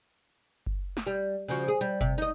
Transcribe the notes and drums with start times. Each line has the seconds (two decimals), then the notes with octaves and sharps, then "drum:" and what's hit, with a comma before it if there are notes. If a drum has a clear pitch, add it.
0.66 drum: kick F#1
0.97 drum: snare
1.06 G3
1.48 C#3 F3 F#4
1.68 G#4
1.81 G3
2.01 C3, drum: kick F#1
2.18 D#4 D#5